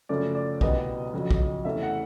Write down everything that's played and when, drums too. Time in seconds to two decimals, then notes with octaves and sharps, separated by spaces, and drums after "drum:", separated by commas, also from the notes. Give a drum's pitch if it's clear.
0.09 F#2 C#3 F3 A3 C#4 D5
0.35 D5
0.61 C2 B2 G3 B3 D#5, drum: kick
1.14 F2 C#3 F#3
1.30 drum: kick
1.65 E2 C3 E3 A3 C#4 E5
1.83 F#5